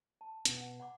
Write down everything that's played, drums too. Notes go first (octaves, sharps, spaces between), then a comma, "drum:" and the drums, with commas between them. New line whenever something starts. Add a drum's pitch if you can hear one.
A5
B2 B3, drum: hi-hat
F#5
F#5 B5 D6